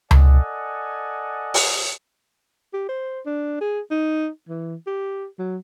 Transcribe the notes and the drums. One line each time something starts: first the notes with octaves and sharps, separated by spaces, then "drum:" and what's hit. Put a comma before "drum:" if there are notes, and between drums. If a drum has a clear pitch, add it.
A4 D5 D#5 F#5 G#5, drum: tom C#2
drum: open hi-hat
G4
C5
D4
G#4
D#4
E3
G4
F#3